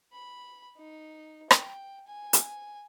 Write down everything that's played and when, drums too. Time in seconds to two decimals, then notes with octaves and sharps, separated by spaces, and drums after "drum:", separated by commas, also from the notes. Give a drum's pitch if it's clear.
0.13 B5
0.77 D#4
1.51 G5, drum: rim click
2.07 G#5
2.33 drum: hi-hat